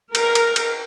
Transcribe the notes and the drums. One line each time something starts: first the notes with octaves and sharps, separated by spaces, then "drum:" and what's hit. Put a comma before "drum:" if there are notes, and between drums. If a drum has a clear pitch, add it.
A#4, drum: cymbal
drum: cymbal
drum: cymbal